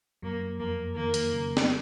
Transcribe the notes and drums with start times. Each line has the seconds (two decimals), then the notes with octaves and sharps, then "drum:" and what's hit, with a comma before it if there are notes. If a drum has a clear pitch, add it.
0.22 F#2 F#3 A#3
0.59 F2 F3 A#3
0.96 D#3 A#3
1.14 drum: hi-hat
1.32 C#3
1.57 drum: snare